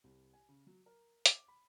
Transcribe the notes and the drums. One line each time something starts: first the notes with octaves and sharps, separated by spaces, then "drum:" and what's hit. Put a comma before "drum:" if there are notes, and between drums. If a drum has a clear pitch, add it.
C2
G#5
C#3
F#3
A#4
D6, drum: hi-hat
B5